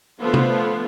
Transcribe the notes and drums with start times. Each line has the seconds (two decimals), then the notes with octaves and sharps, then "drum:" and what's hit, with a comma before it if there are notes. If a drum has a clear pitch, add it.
0.20 D3 F3 A3 B3 F4
0.34 drum: tom